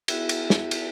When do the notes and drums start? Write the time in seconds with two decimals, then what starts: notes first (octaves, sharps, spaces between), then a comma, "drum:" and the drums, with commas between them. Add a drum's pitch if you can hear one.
0.08 B3 E4 F#4 G#4 E5, drum: cymbal
0.29 drum: cymbal
0.50 drum: snare
0.71 drum: cymbal